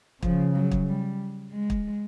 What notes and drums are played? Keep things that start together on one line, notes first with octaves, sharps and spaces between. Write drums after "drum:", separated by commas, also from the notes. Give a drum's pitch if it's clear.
C#3 F3, drum: kick
F#3
drum: kick
G3
G#3
drum: kick